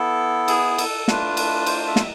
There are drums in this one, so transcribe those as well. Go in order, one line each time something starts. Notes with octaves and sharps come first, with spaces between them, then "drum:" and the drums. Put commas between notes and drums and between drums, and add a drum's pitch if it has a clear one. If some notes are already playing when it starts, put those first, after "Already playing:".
Already playing: B3 E4 A4
G#4, drum: cymbal
A4, drum: cymbal
A3 D4 F4 B4, drum: snare
drum: cymbal
C5, drum: cymbal
E5
drum: snare